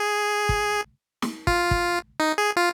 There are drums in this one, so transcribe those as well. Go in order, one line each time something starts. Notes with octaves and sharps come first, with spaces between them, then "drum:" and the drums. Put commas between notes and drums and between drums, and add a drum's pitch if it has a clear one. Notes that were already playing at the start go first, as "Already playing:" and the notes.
Already playing: G#4
drum: kick
drum: snare
F4, drum: kick
drum: kick
D#4
G#4
F4